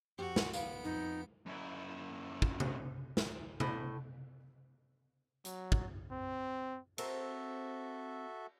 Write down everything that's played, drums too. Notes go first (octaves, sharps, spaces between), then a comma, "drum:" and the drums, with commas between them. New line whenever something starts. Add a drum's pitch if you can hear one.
F2 F#4 G4
drum: snare
B3 F5 D7, drum: tambourine
F2 D#4
F#2 E4
drum: kick
drum: tom C3
drum: snare
A2, drum: tom C3
F#3, drum: hi-hat
drum: kick
C4
C4 F#4 A4 A#4 E5, drum: cymbal